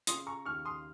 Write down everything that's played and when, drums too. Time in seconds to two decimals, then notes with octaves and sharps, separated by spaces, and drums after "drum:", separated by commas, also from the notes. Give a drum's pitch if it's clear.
0.07 C#3 C6 D#6, drum: hi-hat
0.27 A#5 C#6
0.45 D#2 C#6 F6
0.65 C6 D#6